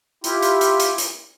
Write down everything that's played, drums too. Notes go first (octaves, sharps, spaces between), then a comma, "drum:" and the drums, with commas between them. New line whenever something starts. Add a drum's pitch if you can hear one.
E4 F4 G4, drum: hi-hat
drum: hi-hat
drum: hi-hat
drum: hi-hat
drum: hi-hat